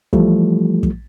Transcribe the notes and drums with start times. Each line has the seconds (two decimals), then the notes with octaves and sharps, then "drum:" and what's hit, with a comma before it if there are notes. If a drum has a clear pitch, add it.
0.13 E3 F3 G3 A3, drum: kick
0.83 drum: kick